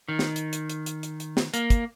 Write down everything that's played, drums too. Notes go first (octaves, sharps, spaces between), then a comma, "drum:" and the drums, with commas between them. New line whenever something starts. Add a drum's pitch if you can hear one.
D#3
drum: snare
drum: hi-hat
drum: hi-hat
drum: hi-hat
drum: hi-hat
drum: hi-hat
drum: hi-hat
drum: snare
A#3, drum: hi-hat
drum: kick, hi-hat